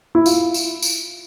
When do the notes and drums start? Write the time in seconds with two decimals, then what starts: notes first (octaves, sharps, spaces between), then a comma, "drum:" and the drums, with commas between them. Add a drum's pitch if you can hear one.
0.15 E4
0.26 F4, drum: tambourine
0.54 drum: tambourine
0.82 drum: tambourine